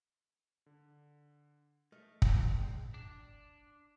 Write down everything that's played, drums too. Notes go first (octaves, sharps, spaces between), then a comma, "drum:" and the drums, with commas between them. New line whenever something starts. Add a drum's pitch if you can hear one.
D3
A3 A4 D#5 F6
F#2 A#2 D4 G5 A5, drum: kick
G#3 G5
D4